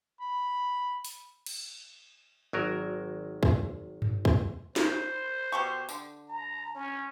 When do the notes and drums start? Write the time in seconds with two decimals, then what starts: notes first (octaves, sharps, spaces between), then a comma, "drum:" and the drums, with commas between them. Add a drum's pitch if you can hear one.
0.20 B5
1.05 drum: open hi-hat
1.46 drum: cymbal
2.53 G#1 F#3 A#4
3.43 drum: kick
4.02 drum: tom G2
4.25 drum: kick
4.76 C5, drum: snare
5.52 B2 G4 C#6
5.89 D3, drum: tambourine
6.28 A#5
6.75 C#4